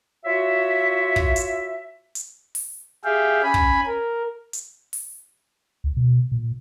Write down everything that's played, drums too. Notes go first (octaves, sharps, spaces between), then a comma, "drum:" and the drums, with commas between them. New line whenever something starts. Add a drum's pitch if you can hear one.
F4 F#4 C#5 E5
drum: kick
drum: hi-hat
drum: hi-hat
drum: open hi-hat
G4 G#4 E5 F5 G5
C#4 G#5 B5
drum: kick
A#4
drum: hi-hat
drum: open hi-hat
D2
B2
A#2